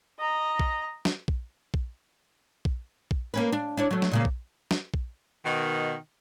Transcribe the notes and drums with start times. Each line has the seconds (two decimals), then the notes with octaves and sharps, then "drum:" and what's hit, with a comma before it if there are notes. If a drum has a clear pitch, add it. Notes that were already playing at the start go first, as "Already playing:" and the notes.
0.19 D#5 A#5
0.60 drum: kick A#1
1.05 drum: snare
1.28 drum: kick A#1
1.74 drum: kick A#1
2.65 drum: kick A#1
3.11 drum: kick A#1
3.34 A#3 C#4 B4
3.52 D4
3.77 D4 E4 C#5
3.91 F#3 A3
4.02 drum: snare
4.11 A#2 C#3 A#3
4.25 drum: kick A#1
4.71 drum: snare
4.94 drum: kick A#1
5.46 B2 D#3